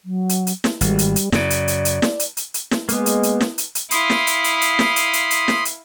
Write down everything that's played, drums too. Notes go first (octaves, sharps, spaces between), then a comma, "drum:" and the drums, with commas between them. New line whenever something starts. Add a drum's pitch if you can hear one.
F#3
drum: hi-hat
drum: hi-hat
drum: snare
G#1 G3, drum: hi-hat
drum: hi-hat
drum: hi-hat
F#2 C#3 D5, drum: snare
drum: hi-hat
drum: hi-hat
drum: hi-hat
drum: snare
drum: hi-hat
drum: hi-hat
drum: hi-hat
drum: snare
G#3 A#3 B3, drum: hi-hat
drum: hi-hat
drum: hi-hat
drum: snare
drum: hi-hat
drum: hi-hat
E4 F5 B5 C6 D#6, drum: hi-hat
drum: snare
drum: hi-hat
drum: hi-hat
drum: hi-hat
drum: snare
drum: hi-hat
drum: hi-hat
drum: hi-hat
drum: snare
drum: hi-hat